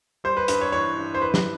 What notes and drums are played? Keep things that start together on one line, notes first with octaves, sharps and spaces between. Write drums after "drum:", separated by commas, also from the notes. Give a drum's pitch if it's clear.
G3 C5
B4
G2 B4, drum: hi-hat
C#5
E3 C#5
G2
C5
E3 B4
drum: snare